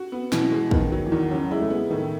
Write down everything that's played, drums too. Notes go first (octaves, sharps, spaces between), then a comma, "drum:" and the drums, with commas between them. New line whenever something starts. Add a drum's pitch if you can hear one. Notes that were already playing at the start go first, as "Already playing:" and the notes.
Already playing: F#4
B3
B2 E3, drum: snare
G#3
D#3 B3, drum: kick
F#3
E3
E2 D#3
C#3 F#3
G#3 E4
A3
G#3 B3
A2 D#3